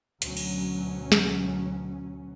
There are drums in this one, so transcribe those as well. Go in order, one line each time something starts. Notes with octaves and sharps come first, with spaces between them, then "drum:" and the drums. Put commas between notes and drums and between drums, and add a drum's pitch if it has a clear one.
D2 B2 F#3 C#4, drum: hi-hat
drum: cymbal
drum: snare